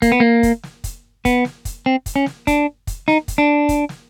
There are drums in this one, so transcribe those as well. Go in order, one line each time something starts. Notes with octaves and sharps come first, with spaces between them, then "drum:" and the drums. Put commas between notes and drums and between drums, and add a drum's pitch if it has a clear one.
A#3, drum: kick, hi-hat
B3
A#3
drum: kick, hi-hat
drum: snare
drum: kick, hi-hat
B3, drum: kick, hi-hat
drum: snare
drum: kick, hi-hat
C4
drum: kick, hi-hat
C#4
drum: snare
D4, drum: kick, hi-hat
drum: kick, hi-hat
D#4, drum: snare
drum: kick, hi-hat
D4
drum: kick, hi-hat
drum: snare